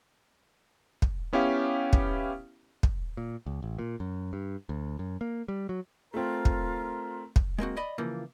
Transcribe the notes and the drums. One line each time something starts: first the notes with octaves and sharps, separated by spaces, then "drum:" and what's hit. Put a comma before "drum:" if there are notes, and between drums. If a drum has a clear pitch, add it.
drum: kick
B3 C#4 E4 G4 F5
drum: kick
drum: kick
A#2
C#2
A1
A#2
F#2
G2
D2
F#2
A#3
G3
F#3
A3 C4 F4 A#4
drum: kick
drum: kick
G#3 A#3 C4 F#4
D5 D#5 B5
C#3 E3 F3 A#3